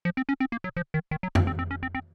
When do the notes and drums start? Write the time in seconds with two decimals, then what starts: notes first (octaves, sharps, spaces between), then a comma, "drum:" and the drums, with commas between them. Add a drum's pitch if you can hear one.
0.05 F3
0.17 C4
0.29 C#4
0.40 C4
0.52 A#3
0.64 F#3
0.77 F3
0.94 D#3
1.11 D#3
1.23 F#3
1.35 C4, drum: tom F2
1.47 C4
1.59 C4
1.71 C#4
1.83 C4
1.95 C4